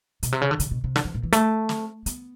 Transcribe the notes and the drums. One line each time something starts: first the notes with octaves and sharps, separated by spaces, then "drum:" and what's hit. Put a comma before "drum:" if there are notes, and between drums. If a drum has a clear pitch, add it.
B2, drum: hi-hat
C3
C#3
D3
C#3, drum: hi-hat
B2
C3
D3, drum: snare
E3
A#2
E3
A3, drum: hi-hat
drum: snare
B3, drum: hi-hat